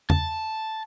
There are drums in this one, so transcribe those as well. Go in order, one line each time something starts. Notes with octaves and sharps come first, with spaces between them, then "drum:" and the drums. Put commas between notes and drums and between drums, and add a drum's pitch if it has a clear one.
A5, drum: tom E2